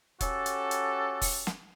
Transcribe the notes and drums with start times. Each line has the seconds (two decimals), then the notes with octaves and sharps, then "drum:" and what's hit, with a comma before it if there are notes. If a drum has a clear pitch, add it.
0.21 C#4 F#4 G4 A4, drum: kick E1, hi-hat
0.46 drum: hi-hat
0.71 drum: hi-hat
1.22 drum: kick E1, open hi-hat
1.47 drum: snare